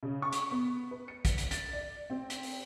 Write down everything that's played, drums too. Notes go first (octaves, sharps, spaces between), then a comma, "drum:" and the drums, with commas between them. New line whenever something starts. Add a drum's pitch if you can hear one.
C#3
C#6
drum: hi-hat
B3
B4
C#7
drum: kick, hi-hat
drum: hi-hat
A6, drum: hi-hat
D5
C4
drum: hi-hat
drum: open hi-hat